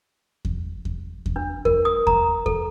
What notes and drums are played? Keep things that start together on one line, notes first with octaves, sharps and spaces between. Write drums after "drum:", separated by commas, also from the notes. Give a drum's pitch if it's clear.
drum: kick E2
drum: kick E2
drum: kick E2
D4
A#4, drum: kick E2
D#6
A#5, drum: kick E2
A4, drum: kick E2